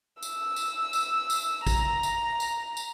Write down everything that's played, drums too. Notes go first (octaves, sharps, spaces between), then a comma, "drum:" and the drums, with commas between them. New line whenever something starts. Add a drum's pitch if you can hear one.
E6, drum: tambourine
drum: tambourine
drum: tambourine
drum: tambourine
A#5, drum: kick, tambourine
drum: tambourine
drum: tambourine
drum: tambourine